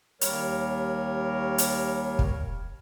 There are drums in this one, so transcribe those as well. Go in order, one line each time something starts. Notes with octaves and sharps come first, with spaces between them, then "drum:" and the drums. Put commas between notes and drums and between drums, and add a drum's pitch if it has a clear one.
D#2 G3 A#4 C#5, drum: hi-hat
drum: hi-hat
drum: kick